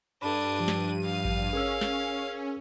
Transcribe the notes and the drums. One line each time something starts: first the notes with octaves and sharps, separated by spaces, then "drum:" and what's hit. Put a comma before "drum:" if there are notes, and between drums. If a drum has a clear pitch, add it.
G2 D4 A4 B5 D#7
F3 G4
drum: snare
F5
drum: kick A1
C#4 G#4 A#4 E6
drum: snare